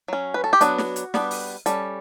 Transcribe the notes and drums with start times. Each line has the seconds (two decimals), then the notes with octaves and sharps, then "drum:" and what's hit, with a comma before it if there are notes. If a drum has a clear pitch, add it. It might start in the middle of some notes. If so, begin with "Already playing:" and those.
0.08 F#3 C#4
0.34 B4
0.44 A4
0.53 G4
0.61 F#3 B3 D4 F#4, drum: hi-hat
0.78 drum: snare
0.96 drum: hi-hat
1.14 G3 B3 D4, drum: snare
1.31 drum: open hi-hat
1.66 G3 C#4 A4, drum: hi-hat